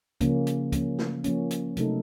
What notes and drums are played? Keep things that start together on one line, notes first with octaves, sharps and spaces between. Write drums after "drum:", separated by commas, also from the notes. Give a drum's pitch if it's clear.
C#3 F3 A#3 C#4, drum: kick, hi-hat
drum: hi-hat
F3 A#3 C#4, drum: kick, hi-hat
drum: snare
F3 A#3 C#4, drum: hi-hat
drum: hi-hat
C3 F#3 A3 D#4 A4, drum: hi-hat